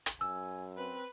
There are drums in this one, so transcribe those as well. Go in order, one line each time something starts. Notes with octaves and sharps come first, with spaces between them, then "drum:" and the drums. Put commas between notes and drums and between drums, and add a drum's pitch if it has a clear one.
drum: hi-hat
F#2 G#5 E6
C4 B4